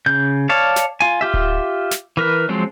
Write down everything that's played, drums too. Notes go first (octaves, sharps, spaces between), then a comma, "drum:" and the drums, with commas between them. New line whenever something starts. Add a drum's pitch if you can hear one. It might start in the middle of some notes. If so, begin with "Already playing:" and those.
C#3 G6
C#5 D5 F5 A5
drum: snare
F4 G#5
F4 G4 E5
drum: kick D1
drum: snare
E3 A#4 B4
F3 F#3 G#3 C4